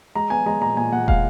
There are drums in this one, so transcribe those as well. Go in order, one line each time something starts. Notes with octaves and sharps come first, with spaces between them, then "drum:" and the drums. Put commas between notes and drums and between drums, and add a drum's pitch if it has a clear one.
G#3 A#5
B3 G#5
G#3 A#5
A#2 A#5
A#2 G#5
A#2 F#5
G#3 F5, drum: kick